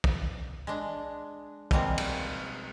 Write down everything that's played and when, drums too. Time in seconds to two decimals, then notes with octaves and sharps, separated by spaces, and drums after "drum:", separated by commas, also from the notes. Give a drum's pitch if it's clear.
0.04 drum: kick
0.67 G#3 D4
1.71 B2 F3 G3 G#3 A#3 C4, drum: kick
1.98 drum: cymbal